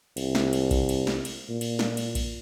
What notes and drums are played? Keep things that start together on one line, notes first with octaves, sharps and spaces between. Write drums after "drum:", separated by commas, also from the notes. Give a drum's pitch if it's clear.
C2, drum: cymbal
drum: snare
drum: cymbal
drum: kick A#1, cymbal
drum: cymbal
drum: snare
drum: cymbal
A#2
drum: cymbal
drum: snare
drum: cymbal
drum: kick A#1, cymbal